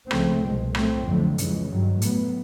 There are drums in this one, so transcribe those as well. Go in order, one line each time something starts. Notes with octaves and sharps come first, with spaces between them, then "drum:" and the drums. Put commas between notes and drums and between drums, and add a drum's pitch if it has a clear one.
C#2 C#3 F3 A3 C4, drum: rim click
C2 B2 G#3
A#2 F#3 A3 C4, drum: rim click
F2 D3 F#3 A3
F2 C#3 E3 G#3, drum: hi-hat
G2 D#3 F#3
A2 F#3 B3, drum: hi-hat